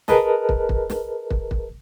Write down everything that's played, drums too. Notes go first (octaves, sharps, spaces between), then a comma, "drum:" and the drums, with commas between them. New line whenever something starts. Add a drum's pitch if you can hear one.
G#4 A#4 B4 D#5 A5, drum: snare
drum: kick
drum: kick
drum: snare
drum: kick
drum: kick